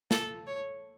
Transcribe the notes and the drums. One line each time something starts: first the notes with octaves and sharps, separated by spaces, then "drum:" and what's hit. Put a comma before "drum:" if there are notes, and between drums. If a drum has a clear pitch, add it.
A4, drum: snare
C#5